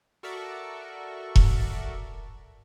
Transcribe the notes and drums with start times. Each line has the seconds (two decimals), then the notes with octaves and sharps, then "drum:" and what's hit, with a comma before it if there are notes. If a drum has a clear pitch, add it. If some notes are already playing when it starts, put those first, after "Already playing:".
0.23 F#4 A4 A#4 D5 E5 C#6
1.36 drum: kick E1